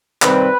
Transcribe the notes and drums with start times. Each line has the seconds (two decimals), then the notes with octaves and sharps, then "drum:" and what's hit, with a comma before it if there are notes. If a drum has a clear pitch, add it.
0.22 C3 D#3 G3 C4 B4, drum: clap